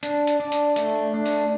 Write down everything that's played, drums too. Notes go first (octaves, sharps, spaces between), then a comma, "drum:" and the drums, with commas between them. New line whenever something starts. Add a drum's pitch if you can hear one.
D4, drum: hi-hat
drum: hi-hat
D4
drum: hi-hat
A3, drum: hi-hat
D4
drum: open hi-hat